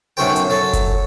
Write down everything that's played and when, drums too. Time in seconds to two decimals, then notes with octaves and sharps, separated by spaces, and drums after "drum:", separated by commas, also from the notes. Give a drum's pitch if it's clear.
0.17 B1 F#2 A3 F#4 C5 G5
0.36 drum: hi-hat
0.50 F#3 A4
0.73 drum: kick F#1, hi-hat